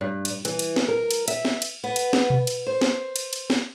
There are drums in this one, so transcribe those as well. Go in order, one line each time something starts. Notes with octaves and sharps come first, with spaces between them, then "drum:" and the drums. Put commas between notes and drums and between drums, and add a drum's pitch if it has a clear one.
G2
drum: cymbal
E3, drum: cymbal
drum: cymbal
drum: snare
A#4
drum: cymbal
E5, drum: cymbal
drum: snare
drum: cymbal
B3
drum: cymbal
drum: snare
drum: tom B2
drum: cymbal
C5
drum: snare
drum: cymbal
drum: cymbal
drum: snare